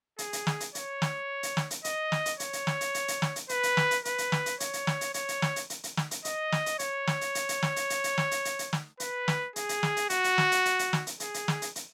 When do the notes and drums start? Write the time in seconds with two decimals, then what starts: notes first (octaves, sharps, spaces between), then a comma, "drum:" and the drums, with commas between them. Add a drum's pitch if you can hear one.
0.18 G#4, drum: hi-hat
0.33 drum: hi-hat
0.47 drum: snare
0.60 drum: hi-hat
0.75 C#5, drum: hi-hat
1.02 drum: snare
1.43 drum: hi-hat
1.57 drum: snare
1.71 drum: hi-hat
1.84 D#5, drum: hi-hat
2.12 drum: snare
2.26 drum: hi-hat
2.40 C#5, drum: hi-hat
2.53 drum: hi-hat
2.67 drum: snare
2.81 drum: hi-hat
2.94 drum: hi-hat
3.08 drum: hi-hat
3.22 drum: snare
3.36 drum: hi-hat
3.49 B4, drum: hi-hat
3.63 drum: hi-hat
3.77 drum: snare
3.91 drum: hi-hat
4.05 B4, drum: hi-hat
4.18 drum: hi-hat
4.32 drum: snare
4.46 drum: hi-hat
4.60 C#5, drum: hi-hat
4.73 drum: hi-hat
4.87 drum: snare
5.01 drum: hi-hat
5.14 C#5, drum: hi-hat
5.28 drum: hi-hat
5.42 drum: snare
5.56 drum: hi-hat
5.70 drum: hi-hat
5.84 drum: hi-hat
5.97 drum: snare
6.11 drum: hi-hat
6.25 D#5, drum: hi-hat
6.52 drum: snare
6.66 drum: hi-hat
6.79 C#5, drum: hi-hat
7.07 drum: snare
7.21 drum: hi-hat
7.35 drum: hi-hat
7.49 drum: hi-hat
7.63 drum: snare
7.76 drum: hi-hat
7.90 drum: hi-hat
8.04 drum: hi-hat
8.18 drum: snare
8.31 drum: hi-hat
8.45 drum: hi-hat
8.59 drum: hi-hat
8.73 drum: snare
9.00 B4, drum: hi-hat
9.28 drum: snare
9.56 G#4, drum: hi-hat
9.69 drum: hi-hat
9.83 drum: snare
9.97 drum: hi-hat
10.10 F#4, drum: hi-hat
10.24 drum: hi-hat
10.38 drum: snare
10.52 drum: hi-hat
10.65 drum: hi-hat
10.79 drum: hi-hat
10.93 drum: snare
11.07 drum: hi-hat
11.20 G#4, drum: hi-hat
11.34 drum: hi-hat
11.48 drum: snare
11.62 drum: hi-hat
11.76 drum: hi-hat